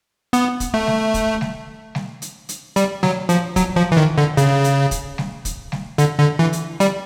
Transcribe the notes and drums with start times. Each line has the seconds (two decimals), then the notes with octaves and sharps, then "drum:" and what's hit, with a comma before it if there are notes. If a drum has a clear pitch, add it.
0.33 B3, drum: hi-hat
0.60 drum: kick, hi-hat
0.74 A3
0.87 drum: snare G3
1.14 drum: kick, hi-hat
1.41 drum: snare G3
1.95 drum: snare G3
2.22 drum: hi-hat
2.49 drum: hi-hat
2.76 G3, drum: hi-hat
3.03 F#3, drum: snare G3
3.29 F3, drum: hi-hat
3.56 F#3, drum: kick, hi-hat
3.76 F3
3.92 E3
3.97 D#3
4.18 D3
4.37 C#3, drum: hi-hat
4.64 drum: hi-hat
4.91 drum: kick, hi-hat
5.18 drum: snare G3
5.45 drum: kick, hi-hat
5.72 drum: snare G3
5.98 D3, drum: hi-hat
6.19 D3
6.39 E3
6.53 drum: hi-hat
6.80 G3, drum: hi-hat